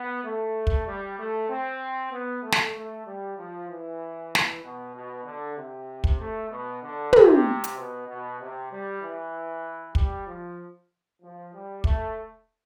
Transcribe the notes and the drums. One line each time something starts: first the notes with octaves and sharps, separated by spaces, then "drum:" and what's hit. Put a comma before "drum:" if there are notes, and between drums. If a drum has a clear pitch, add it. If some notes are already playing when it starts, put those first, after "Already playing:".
Already playing: B3
A3
drum: kick
G3
A3
C4
B3
A3
drum: snare
A3
G3
F3
E3
drum: snare
B2
B2
D3
C3
drum: kick
A3
B2
D3
C3, drum: tom
drum: hi-hat
B2
B2
C3
G3
E3
G3, drum: kick
F3
F3
G3
A3, drum: kick